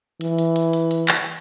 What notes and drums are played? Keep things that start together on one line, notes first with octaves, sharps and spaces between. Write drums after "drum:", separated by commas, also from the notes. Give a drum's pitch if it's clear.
E3, drum: hi-hat
drum: hi-hat
drum: hi-hat
drum: hi-hat
drum: hi-hat
drum: clap